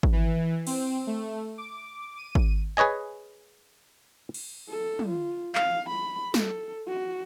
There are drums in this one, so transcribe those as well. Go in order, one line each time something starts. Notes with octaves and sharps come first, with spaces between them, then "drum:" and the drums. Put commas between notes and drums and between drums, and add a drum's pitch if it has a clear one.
drum: kick G#1
E3
C4, drum: cymbal
A3
D6
D#7
drum: kick G#1
G#4 B4 C#5 D#5 G#5
drum: cymbal
A4
drum: tom
F4
F5, drum: clap
B5
A4, drum: snare
F#4